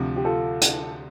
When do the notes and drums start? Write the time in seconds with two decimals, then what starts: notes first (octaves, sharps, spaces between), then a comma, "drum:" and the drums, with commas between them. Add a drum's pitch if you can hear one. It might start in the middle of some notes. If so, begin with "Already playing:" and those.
Already playing: D2 C3 F3
0.16 G4
0.25 F4 A4
0.61 drum: hi-hat